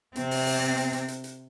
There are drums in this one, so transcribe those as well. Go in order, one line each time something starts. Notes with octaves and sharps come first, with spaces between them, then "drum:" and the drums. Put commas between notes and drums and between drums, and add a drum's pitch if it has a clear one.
C3 C4, drum: hi-hat
drum: open hi-hat
drum: open hi-hat
drum: hi-hat
drum: hi-hat
drum: hi-hat
drum: hi-hat